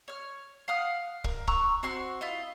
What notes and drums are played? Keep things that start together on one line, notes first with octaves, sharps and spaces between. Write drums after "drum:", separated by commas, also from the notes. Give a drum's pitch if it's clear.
C#5 F6
F5 F#5 D#6 F6
A#4, drum: kick
A#5 C#6 E6 F#6, drum: kick
C4 F#4 C6 F#6
E4 F4 D#5